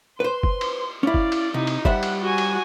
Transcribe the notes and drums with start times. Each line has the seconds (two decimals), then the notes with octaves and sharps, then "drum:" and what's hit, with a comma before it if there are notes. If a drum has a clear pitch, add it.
0.20 B4 C5 C6
0.43 drum: kick F#1
0.61 drum: cymbal
1.03 C#4 E4 D5 F5
1.14 drum: kick F#1
1.32 drum: cymbal
1.54 C3 D#4 E4
1.67 drum: cymbal
1.85 G3 C5 E5 F#5, drum: kick F#1
2.03 drum: cymbal
2.22 F#4 G#5
2.38 drum: cymbal